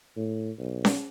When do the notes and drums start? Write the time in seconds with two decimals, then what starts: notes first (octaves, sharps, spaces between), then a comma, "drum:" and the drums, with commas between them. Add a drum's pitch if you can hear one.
0.17 A2
0.58 B1
0.85 drum: snare C#4